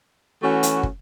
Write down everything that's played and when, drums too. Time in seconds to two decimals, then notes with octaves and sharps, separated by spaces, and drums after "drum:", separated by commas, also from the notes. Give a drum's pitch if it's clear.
0.42 E3 A3 C#4 F#4
0.63 drum: hi-hat
0.83 drum: kick